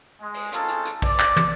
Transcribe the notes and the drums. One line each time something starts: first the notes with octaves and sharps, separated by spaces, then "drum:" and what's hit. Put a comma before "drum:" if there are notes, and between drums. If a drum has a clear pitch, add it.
G#3
drum: open hi-hat
G#3 C4 C#4 D#4 F4 A4, drum: hi-hat
drum: hi-hat
drum: hi-hat
D5, drum: kick, open hi-hat
drum: clap
drum: tom